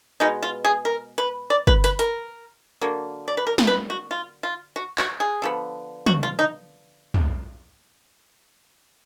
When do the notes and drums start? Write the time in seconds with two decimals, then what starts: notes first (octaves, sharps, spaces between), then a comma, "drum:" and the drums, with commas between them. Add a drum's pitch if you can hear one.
0.20 B2 G#3 B3 D#4
0.43 F4
0.65 G#4
0.85 A#4
1.18 B4
1.50 D5
1.67 B4, drum: kick
1.84 B4, drum: hi-hat
1.99 A#4, drum: hi-hat
2.81 D3 F#3 A#3
3.28 D5
3.37 B4
3.47 A#4
3.58 drum: snare
3.67 B4
3.90 F#4
4.11 F4
4.43 F4
4.76 F#4
4.98 F#4, drum: clap
5.20 G#4
5.42 D3 F3 B3
6.06 F#4, drum: tom
6.23 F4
6.39 D#4
7.14 drum: tom